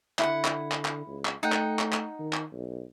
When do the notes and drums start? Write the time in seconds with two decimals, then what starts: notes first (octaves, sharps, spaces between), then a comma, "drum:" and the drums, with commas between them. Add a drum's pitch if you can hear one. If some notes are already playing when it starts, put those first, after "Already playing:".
0.19 D3 E4 F#5, drum: clap
0.45 drum: clap
0.72 drum: clap
0.85 drum: clap
1.07 C#2
1.25 drum: clap
1.43 A3 D#4 F#5 G5
1.52 drum: clap
1.79 drum: clap
1.93 drum: clap
2.20 D#3
2.33 drum: clap
2.52 B1